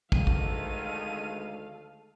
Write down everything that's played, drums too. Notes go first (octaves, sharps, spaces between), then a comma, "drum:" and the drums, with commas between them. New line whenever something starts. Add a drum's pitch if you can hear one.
D2 D#3 G#3 A4 F5 D#7, drum: kick
drum: kick